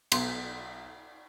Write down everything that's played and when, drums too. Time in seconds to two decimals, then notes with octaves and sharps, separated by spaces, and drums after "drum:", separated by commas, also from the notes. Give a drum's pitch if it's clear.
0.12 B1 C6, drum: cymbal